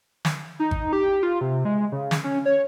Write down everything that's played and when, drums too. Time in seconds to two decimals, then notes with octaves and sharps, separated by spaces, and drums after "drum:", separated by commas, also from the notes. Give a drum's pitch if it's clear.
0.25 drum: snare
0.60 D#4
0.71 drum: kick G#1
0.93 G4
1.23 F4
1.41 C3
1.65 G#3
1.92 C#3
2.11 drum: snare
2.24 C#4
2.45 C#5